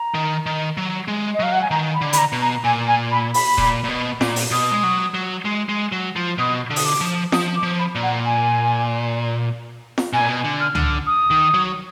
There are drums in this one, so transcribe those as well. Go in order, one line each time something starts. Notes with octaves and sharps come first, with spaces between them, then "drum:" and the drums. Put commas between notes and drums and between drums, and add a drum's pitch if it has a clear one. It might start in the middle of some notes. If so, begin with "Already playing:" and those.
Already playing: A#5
D#3
D#3
F#3
G#3
D#5
F#3 F5
F#5
G#5
D#3 A#5
B5
D3
B5, drum: hi-hat
A#5
B2
A#5
A#2 G#5
G#5
B5
B5, drum: open hi-hat
A#2, drum: kick D#1
A#2
B2
A#2, drum: snare F4
drum: open hi-hat
B2 D#6
G#3
F#3
F#3
G#3
G#3
F#3
F3
B2 D#6
D3
D#6, drum: open hi-hat
D6
F3
F3 D#6, drum: snare F4
D6
F3
B5
A#2
F#5
G#5
drum: snare F4
B2 G#5
A#2
B2
D3
F6
D3, drum: tom
D#6
D#3
F#3